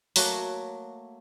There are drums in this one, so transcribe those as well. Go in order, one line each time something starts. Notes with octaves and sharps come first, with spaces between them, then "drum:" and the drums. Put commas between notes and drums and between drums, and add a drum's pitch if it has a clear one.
F#3 A3 A#3 F#4, drum: open hi-hat